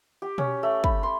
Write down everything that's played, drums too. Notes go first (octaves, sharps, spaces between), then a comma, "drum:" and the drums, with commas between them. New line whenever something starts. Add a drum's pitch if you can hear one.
G4
C#4, drum: tom B2
A3
B5, drum: kick
C6